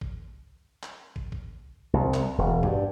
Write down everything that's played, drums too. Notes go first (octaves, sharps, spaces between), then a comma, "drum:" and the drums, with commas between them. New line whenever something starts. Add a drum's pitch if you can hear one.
drum: kick
drum: clap
drum: kick
drum: kick
C2
drum: clap
E1
G2, drum: kick